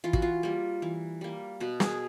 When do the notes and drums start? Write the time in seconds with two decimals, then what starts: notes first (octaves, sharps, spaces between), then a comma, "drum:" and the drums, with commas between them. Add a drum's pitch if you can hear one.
0.04 E3 F4
0.13 F#4, drum: kick
0.22 F4
0.43 G3 A#3
0.82 E3
1.21 G3 A#3
1.60 B2 F#4
1.80 G#4, drum: snare